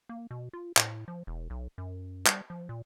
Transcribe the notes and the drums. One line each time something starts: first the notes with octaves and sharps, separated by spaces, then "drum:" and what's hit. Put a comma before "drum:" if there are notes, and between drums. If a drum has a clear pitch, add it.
A#3
B2
F4
A2, drum: clap
F3
E1
B1
F#2
G3, drum: clap
F3
A#2